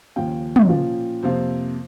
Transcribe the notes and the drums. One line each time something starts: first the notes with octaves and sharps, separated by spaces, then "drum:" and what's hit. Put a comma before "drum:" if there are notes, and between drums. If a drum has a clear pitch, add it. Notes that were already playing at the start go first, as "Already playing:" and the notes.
D#2 C#3 F3 A#3 C#4 G5
drum: tom
A#2 F3 A#3 C#4
F2 C3 F3 A#3 F4 C5